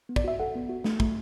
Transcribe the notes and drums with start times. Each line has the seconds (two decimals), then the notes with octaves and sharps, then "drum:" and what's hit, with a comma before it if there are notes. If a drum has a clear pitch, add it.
0.09 B3
0.16 D5, drum: kick
0.24 F#4 E5
0.39 A4 F#5
0.55 B3
0.69 F#4
0.84 A3, drum: snare
1.00 A3, drum: kick